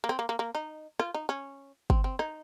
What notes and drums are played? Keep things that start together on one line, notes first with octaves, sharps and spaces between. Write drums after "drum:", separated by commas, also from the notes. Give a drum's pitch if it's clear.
A#3
C4, drum: rim click
A#3
A#3
A#3
D#4
F4, drum: rim click
D#4
C#4
C4, drum: kick
C4
D#4, drum: rim click